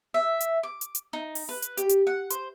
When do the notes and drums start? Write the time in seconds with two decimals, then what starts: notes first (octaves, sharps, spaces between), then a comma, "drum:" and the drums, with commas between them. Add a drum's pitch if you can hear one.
0.14 E5
0.41 drum: hi-hat
0.63 D6
0.81 drum: hi-hat
0.95 drum: hi-hat
1.13 D#4
1.35 drum: open hi-hat
1.49 B4
1.62 drum: hi-hat
1.77 G4, drum: hi-hat
1.89 drum: hi-hat
2.07 F#5
2.30 C5, drum: hi-hat